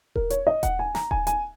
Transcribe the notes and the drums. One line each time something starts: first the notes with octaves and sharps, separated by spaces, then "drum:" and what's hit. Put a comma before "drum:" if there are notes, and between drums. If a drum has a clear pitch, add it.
A#4, drum: kick D#1
C#5, drum: hi-hat
D#5
F#5, drum: kick D#1, hi-hat
G#5
A#5, drum: snare
G#5, drum: kick D#1
G#5, drum: hi-hat